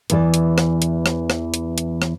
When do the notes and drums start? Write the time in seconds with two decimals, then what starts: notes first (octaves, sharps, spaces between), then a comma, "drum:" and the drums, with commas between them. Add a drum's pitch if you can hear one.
0.10 E2 E3 D5, drum: hi-hat
0.34 drum: hi-hat
0.58 drum: rim click
0.82 drum: hi-hat
1.06 drum: rim click
1.30 drum: rim click
1.54 drum: hi-hat
1.78 drum: hi-hat
2.02 drum: rim click